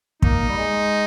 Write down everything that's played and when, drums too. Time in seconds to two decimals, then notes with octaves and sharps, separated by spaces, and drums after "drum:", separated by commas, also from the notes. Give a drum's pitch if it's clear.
0.22 A#3 D#4, drum: kick
0.49 G3
0.57 G#3